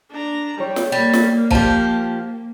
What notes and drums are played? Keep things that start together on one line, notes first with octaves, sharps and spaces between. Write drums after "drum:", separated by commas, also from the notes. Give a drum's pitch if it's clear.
D4 A#5
G3 G4 C#5
drum: snare
G3 A#3
drum: snare
F3 G4 D5 A5, drum: kick